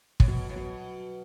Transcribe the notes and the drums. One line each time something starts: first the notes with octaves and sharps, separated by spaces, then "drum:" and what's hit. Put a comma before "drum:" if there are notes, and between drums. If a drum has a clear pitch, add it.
A2, drum: kick
B2 F#3
A2
B2 F#3